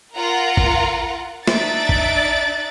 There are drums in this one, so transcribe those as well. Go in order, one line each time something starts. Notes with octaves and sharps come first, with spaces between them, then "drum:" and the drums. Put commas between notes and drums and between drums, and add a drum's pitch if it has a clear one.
F4 A#4 F#5 A#5
drum: kick
D4 D#4 E5 F#6 A6 D7, drum: snare
drum: kick